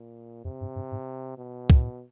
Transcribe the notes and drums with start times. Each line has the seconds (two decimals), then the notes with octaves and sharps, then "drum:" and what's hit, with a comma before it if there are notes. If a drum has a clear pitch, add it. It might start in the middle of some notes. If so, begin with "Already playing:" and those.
Already playing: A#2
0.45 F2 C3
0.61 G2
0.76 G2
0.92 G#2
1.38 B2
1.70 A2, drum: kick